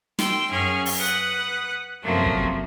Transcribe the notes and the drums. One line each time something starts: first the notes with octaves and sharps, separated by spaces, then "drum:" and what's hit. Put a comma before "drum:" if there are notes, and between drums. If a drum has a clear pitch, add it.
G5 C6 E6, drum: snare
F#2 C#4 G#4 F6
drum: open hi-hat
B4 F#5 D#6 F#6
F#2 C3 F3 F#3 A3 A#3
drum: kick